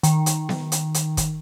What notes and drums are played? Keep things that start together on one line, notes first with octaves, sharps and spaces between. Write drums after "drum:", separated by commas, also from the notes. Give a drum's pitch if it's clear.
D#3, drum: hi-hat
drum: hi-hat
drum: snare B3
drum: hi-hat
drum: hi-hat
drum: kick, hi-hat